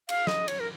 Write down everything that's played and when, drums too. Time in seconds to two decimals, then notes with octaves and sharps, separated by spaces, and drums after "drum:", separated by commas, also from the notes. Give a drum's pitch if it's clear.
0.09 F5, drum: cymbal
0.27 D#5, drum: snare
0.48 C#5, drum: cymbal
0.60 A#4